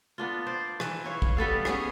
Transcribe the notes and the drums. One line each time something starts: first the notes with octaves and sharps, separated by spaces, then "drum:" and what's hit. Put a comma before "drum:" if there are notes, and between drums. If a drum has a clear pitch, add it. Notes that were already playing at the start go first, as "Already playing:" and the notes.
B3 D4 F4
C5 D5
E3, drum: rim click
E4 C#5 F5
drum: kick
G3 B3 A4 F5
B3 C#4 G#4, drum: rim click